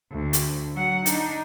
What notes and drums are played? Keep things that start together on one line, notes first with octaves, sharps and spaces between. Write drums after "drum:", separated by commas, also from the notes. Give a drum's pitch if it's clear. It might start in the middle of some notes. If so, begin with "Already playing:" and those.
D2
drum: hi-hat
F#3 F#5
D4 D#4, drum: hi-hat